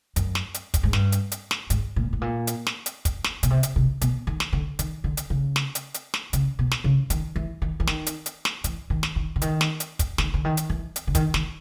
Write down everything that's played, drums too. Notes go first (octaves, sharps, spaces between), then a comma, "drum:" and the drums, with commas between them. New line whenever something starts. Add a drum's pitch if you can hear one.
F#2, drum: hi-hat
drum: snare
drum: hi-hat
drum: kick, hi-hat
G#2
G2, drum: snare
drum: hi-hat
drum: hi-hat
drum: snare
G#2, drum: hi-hat
A#2
A2
A#2
drum: hi-hat
drum: snare
drum: hi-hat
drum: kick, hi-hat
drum: snare
B2, drum: hi-hat
C3
drum: hi-hat
C3
B2, drum: hi-hat
D#3
drum: snare
D3
D#3, drum: hi-hat
D3
drum: hi-hat
C#3
drum: snare
drum: hi-hat
drum: hi-hat
drum: snare
C#3, drum: hi-hat
B2
drum: snare
C#3
D#3, drum: hi-hat
E3
D#3
E3
D#3, drum: snare
drum: hi-hat
drum: hi-hat
drum: snare
E3, drum: hi-hat
D#3
drum: snare
D#3
D3
D#3, drum: hi-hat
drum: snare
drum: hi-hat
drum: kick, hi-hat
D#3, drum: snare
D3
D#3
drum: hi-hat
E3
drum: hi-hat
D3
D#3, drum: kick, hi-hat
D#3, drum: snare